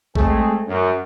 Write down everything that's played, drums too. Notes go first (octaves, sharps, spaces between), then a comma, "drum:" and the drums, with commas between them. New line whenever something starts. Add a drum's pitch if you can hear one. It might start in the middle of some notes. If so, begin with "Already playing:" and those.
G#3 A3 C4 G#4, drum: kick A1
F#2